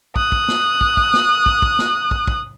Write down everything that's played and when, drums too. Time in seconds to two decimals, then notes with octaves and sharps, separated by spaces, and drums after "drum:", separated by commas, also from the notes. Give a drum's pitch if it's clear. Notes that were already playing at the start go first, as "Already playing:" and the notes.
0.16 D#6 F#6, drum: kick
0.32 drum: kick
0.48 drum: snare
0.81 drum: kick
0.97 drum: kick
1.13 drum: snare
1.46 drum: kick
1.62 drum: kick
1.79 drum: snare
2.11 drum: kick
2.27 drum: kick